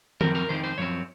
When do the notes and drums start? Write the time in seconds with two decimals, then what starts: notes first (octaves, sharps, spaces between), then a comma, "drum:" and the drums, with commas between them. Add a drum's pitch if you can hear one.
0.21 F#2 F3 C4 A#4, drum: tom D#3
0.35 A#4
0.49 F2 D#3 C4 C5
0.64 C5
0.78 F#2 F3 C4 C#5